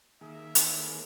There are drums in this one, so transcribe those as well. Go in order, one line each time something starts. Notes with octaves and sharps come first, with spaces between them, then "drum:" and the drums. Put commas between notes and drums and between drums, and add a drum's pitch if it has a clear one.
D#3 A#3 G#4 E5
A1 A2 C3 G#4, drum: hi-hat